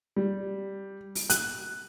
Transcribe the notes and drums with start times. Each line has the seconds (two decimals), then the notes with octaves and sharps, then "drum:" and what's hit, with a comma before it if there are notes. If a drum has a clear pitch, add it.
0.16 G3
1.15 drum: open hi-hat
1.30 F#6, drum: hi-hat